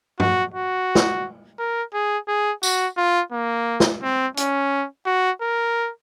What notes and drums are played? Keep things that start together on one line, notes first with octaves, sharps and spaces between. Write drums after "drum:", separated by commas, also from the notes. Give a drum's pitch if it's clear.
F#4, drum: tom
F#4
drum: snare
A#4
G#4
G#4
F#4, drum: tambourine
F4
A#3
drum: snare
C4
C#4, drum: hi-hat
F#4
A#4